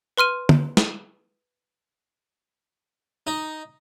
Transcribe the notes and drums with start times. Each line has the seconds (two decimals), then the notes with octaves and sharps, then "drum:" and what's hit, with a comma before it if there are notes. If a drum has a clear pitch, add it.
0.18 B4 C6 F6 D#7
0.49 drum: tom D3
0.77 drum: snare
3.27 D#4